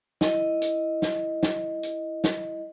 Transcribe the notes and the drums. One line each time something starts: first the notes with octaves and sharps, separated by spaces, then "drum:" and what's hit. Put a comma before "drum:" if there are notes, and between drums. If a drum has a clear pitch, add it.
E4 D#5, drum: snare
drum: hi-hat
drum: snare
drum: snare
drum: hi-hat
drum: snare